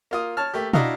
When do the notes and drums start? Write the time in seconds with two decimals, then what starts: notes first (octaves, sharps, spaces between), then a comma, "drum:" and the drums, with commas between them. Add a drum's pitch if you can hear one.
0.11 A#3 F4 D#6
0.37 C#5 A5 F6
0.54 A3 A#3 G4
0.73 D4 E4 F#4 D#5 F5 A#5, drum: tom